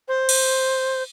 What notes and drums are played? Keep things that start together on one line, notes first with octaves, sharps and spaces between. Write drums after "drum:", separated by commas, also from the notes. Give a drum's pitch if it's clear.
C5
drum: cymbal